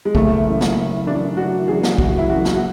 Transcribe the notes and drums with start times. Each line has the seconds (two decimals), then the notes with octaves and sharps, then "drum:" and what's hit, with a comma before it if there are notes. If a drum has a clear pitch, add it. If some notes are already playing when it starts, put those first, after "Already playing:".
0.05 G#3
0.15 F#1 A3, drum: kick
0.46 F#2 E3
0.61 drum: snare
0.76 F#1
1.07 F#2 E3 D4
1.37 F#1 F#4
1.68 F#2 E3 G#4
1.83 drum: snare
1.98 F#1 F#4, drum: kick
2.18 E4
2.29 F#2 E3 F#4
2.45 drum: snare
2.55 F#4